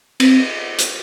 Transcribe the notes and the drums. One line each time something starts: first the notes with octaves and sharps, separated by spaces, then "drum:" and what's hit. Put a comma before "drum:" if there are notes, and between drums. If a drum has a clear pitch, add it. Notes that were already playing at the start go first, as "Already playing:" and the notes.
C4, drum: cymbal
drum: hi-hat